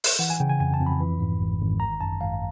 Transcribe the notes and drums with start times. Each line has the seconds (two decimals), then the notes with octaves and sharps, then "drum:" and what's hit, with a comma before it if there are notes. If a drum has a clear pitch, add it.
0.04 drum: open hi-hat
0.19 E3 F#5
0.30 G#5
0.40 C#3 G5
0.50 G#5
0.60 F2 G#5
0.74 A5
0.79 F2
0.86 B5
1.00 E3
1.20 G#2
1.39 G#1
1.60 G#1
1.80 D#3 A#5
2.01 F#2 A5
2.21 G#1 F5